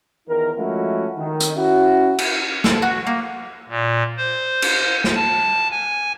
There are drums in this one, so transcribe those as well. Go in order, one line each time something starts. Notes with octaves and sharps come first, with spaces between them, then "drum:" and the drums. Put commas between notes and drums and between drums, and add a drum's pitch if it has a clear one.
E2 D#3 E4 A#4
F3 G#3 A3 C#4 E4 F#4
D#3
drum: hi-hat
C#4 E4 F#4
drum: cymbal
A4, drum: snare
F#4
A#3
A#2
C5
drum: cymbal
drum: snare
A5
G#5